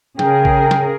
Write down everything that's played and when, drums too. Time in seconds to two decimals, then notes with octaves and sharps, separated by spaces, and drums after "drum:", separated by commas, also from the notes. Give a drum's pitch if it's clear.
0.19 C#3 G#4 A#4 G5, drum: snare
0.45 drum: kick A#1
0.71 drum: snare